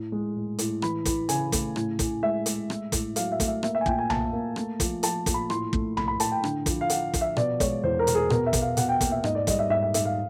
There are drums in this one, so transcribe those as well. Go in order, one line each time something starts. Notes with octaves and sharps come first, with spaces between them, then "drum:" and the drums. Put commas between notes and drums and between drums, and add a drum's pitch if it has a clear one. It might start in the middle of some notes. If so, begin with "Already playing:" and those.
Already playing: A2
G#3
A2
A2, drum: hi-hat
E3 B5, drum: rim click
E3, drum: kick, hi-hat
C#3 G#5, drum: hi-hat
A3, drum: kick, hi-hat
A2, drum: rim click
A2, drum: kick, hi-hat
G#3 E5
G#3, drum: hi-hat
A3, drum: rim click
A2, drum: kick, hi-hat
F#3 F5, drum: hi-hat
E5
A3, drum: kick, hi-hat
E5
A#3 E5, drum: rim click
E5
G#5
A#2 G5, drum: kick
G#5
A#3 A5, drum: tom B1
A#3
A3, drum: rim click
F3, drum: kick, hi-hat
F3 A5, drum: hi-hat
A#2, drum: kick, hi-hat
B5
A2 C6, drum: rim click
A3, drum: kick
A3 B5, drum: tom B1
B5
A2 A5, drum: hi-hat
G5
D3, drum: rim click
F3, drum: kick, hi-hat
F5
D3 F#5, drum: hi-hat
F3, drum: kick, hi-hat
E5
B2 D5, drum: rim click
G#3 C#5, drum: kick, hi-hat
E2 C5
A#4
B2, drum: hi-hat
G#4
B2 A#4, drum: rim click
E5
B2, drum: kick, hi-hat
F5
B2 F#5, drum: hi-hat
G5
A#3, drum: kick, hi-hat
E5
G#2 D#5, drum: rim click
D5
G3 D#5, drum: kick, hi-hat
E5
G#2 E5
E5
G#2 E5, drum: hi-hat
F5